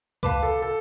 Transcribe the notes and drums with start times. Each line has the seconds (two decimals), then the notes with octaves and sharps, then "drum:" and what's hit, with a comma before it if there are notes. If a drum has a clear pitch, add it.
0.23 B4 F5 A5 D6, drum: kick C#2
0.43 A4
0.62 A4